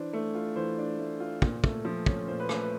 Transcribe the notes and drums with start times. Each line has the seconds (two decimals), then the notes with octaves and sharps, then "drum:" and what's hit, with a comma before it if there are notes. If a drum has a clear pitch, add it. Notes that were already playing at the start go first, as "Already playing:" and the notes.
Already playing: E3 D4 C5
0.13 A3
0.35 F4
0.56 E3 C5
0.78 D4
0.99 A3
1.20 F4
1.42 A#2, drum: kick
1.64 A3, drum: kick
1.85 F3
2.06 C#4, drum: kick
2.28 A#2 C5
2.40 B4
2.49 A3, drum: rim click
2.63 B4